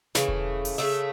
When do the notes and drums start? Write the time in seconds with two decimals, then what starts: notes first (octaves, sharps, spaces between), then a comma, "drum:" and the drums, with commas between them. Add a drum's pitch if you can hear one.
0.15 C#3 E3 A3, drum: snare
0.28 drum: kick E1
0.65 drum: open hi-hat
0.78 C#3 E3 A3 E5